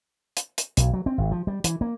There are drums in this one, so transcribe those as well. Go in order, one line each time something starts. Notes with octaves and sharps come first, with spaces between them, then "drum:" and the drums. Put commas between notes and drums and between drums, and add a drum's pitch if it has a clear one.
drum: hi-hat
drum: hi-hat
B1, drum: hi-hat
F#3
C4
G#1
F3
G3
E3, drum: hi-hat
A#3